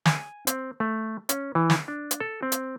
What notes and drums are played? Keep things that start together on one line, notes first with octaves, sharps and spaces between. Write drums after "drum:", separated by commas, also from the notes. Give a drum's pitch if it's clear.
G#5, drum: snare
C4, drum: hi-hat
A3
C#4, drum: hi-hat
E3
drum: snare
D4
drum: hi-hat
A4
C4
drum: hi-hat